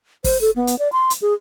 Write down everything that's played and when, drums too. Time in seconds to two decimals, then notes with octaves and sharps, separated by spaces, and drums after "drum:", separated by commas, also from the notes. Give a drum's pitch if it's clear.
0.24 C5, drum: kick F#1, open hi-hat
0.41 A4
0.56 B3
0.67 drum: hi-hat
0.79 D5
0.92 C6
1.10 drum: hi-hat
1.22 G#4